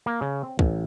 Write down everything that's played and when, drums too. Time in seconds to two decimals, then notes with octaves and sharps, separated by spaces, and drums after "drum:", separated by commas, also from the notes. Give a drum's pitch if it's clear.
0.06 A#3
0.21 C#3
0.43 C4
0.59 A1, drum: kick C2